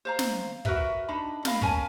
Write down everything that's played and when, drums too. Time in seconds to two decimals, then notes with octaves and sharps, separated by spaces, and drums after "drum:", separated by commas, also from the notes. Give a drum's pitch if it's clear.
0.05 C5 F5 A#5
0.19 drum: snare
0.65 F#4 A#4 B4 E5, drum: kick
1.08 D4 D#4 B5
1.45 A#4 D#5 F5 B5, drum: snare
1.61 C#4 A#4 G#5 A5, drum: kick